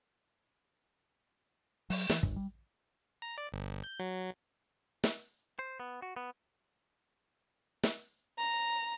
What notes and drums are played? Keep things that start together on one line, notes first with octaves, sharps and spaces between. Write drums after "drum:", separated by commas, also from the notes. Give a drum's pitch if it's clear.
F#3, drum: open hi-hat
E3, drum: snare
G1, drum: kick
G3
A#5
D5
G1
G6
F#3
drum: snare
C5
B3
F#4
B3
drum: snare
A#5